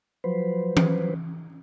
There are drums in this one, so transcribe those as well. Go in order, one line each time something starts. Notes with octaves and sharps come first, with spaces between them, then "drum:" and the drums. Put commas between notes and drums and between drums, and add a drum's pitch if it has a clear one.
F3 F#3 B4 C5
drum: tom E3